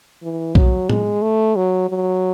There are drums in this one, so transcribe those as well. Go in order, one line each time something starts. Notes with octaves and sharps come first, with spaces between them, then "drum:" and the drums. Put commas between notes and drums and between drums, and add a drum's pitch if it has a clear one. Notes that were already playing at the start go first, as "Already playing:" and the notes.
E3
F#3, drum: kick B1
G#3, drum: tom
A3
F#3
F#3